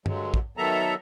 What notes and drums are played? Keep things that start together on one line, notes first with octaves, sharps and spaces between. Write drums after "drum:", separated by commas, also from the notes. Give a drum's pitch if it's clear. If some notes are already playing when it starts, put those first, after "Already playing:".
G2 D3 F#3 G#3, drum: tom G2
drum: kick
D#3 F#3 B3 A4 E5 A#5